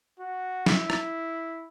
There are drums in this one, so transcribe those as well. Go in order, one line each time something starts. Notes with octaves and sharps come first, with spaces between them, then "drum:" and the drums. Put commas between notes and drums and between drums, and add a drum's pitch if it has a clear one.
F#4
E4, drum: snare
drum: rim click